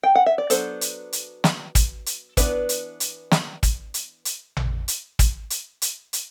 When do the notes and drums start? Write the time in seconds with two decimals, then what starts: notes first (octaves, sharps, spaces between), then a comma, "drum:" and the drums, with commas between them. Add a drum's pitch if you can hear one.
0.03 G5
0.15 F#5
0.26 E5
0.38 D5
0.50 F#3 B3 D4 A4 C5, drum: hi-hat
0.81 drum: hi-hat
1.13 drum: hi-hat
1.44 drum: snare
1.75 drum: kick, hi-hat
2.06 drum: hi-hat
2.37 E3 B3 D4 B4 D5, drum: kick, hi-hat
2.69 drum: hi-hat
3.00 drum: hi-hat
3.31 drum: snare
3.63 drum: kick, hi-hat
3.94 drum: hi-hat
4.25 drum: hi-hat
4.57 drum: tom A1
4.88 drum: hi-hat
5.19 drum: kick, hi-hat
5.50 drum: hi-hat
5.82 drum: hi-hat
6.13 drum: hi-hat